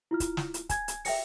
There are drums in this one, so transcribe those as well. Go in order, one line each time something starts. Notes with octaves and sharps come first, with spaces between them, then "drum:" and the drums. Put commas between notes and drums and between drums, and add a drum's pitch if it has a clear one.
E4 F4 F6
drum: kick C#1, hi-hat
drum: snare
drum: hi-hat
G#5 G#6, drum: kick C#1, hi-hat
drum: hi-hat
E5 G5 A#6 C#7, drum: open hi-hat